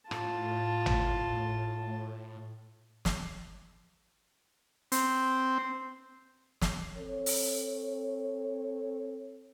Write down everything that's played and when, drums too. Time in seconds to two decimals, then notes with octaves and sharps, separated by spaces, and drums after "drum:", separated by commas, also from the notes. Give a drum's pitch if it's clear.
0.11 A2 F4 A5, drum: rim click
0.86 drum: tom
3.05 drum: snare
4.92 C4, drum: hi-hat
6.61 drum: snare
6.97 C4 A4 C#5
7.26 drum: open hi-hat